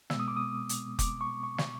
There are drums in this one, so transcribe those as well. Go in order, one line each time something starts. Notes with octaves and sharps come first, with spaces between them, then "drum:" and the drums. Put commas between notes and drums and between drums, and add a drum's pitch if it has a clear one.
B2 G#3 B3 E6, drum: snare
D#6
D6
D#6
drum: hi-hat
D6, drum: kick F1, hi-hat
C#6
C#6
drum: snare